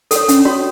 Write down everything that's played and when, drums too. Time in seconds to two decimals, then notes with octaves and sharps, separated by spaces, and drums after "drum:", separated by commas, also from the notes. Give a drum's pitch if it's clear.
0.11 A4 C#5, drum: hi-hat
0.28 C#4, drum: hi-hat
0.45 F#4 C#5